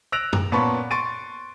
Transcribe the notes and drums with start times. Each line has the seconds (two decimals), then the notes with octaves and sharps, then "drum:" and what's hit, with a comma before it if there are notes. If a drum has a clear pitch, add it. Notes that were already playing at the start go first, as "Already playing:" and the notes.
0.12 E6 F#6 A#6 D7 F7
0.33 drum: tom F#2
0.52 A#2 B3 C#4 A5 B5 C#6
0.91 C6 C#6 A6 D7 D#7